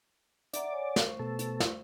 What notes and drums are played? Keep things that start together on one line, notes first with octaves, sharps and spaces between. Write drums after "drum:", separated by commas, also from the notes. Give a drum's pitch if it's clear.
D5 E5 F#5 A#5, drum: hi-hat
C#5 F#5 G#5
drum: snare
A3 C5 C#6
B2 A4
drum: hi-hat
drum: snare